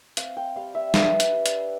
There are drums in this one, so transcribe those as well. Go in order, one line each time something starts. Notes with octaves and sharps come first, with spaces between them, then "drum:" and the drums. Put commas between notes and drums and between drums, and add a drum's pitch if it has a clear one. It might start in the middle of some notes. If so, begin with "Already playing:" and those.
C4 F5, drum: hi-hat
G5
G3 F5
E5
D4 B4, drum: snare
drum: hi-hat
G3
drum: hi-hat